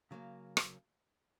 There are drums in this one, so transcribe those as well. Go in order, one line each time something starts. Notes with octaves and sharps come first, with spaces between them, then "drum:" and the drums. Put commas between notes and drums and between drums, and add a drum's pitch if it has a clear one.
C#3 F#3 A#3
drum: rim click